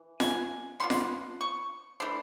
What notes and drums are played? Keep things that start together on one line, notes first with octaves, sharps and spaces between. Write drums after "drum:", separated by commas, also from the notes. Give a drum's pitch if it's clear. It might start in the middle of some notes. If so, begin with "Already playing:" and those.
Already playing: E3
G#5, drum: snare F4
G3 B3 D4 F4 C6
drum: snare F4
C#6
E3 A3 D4 C6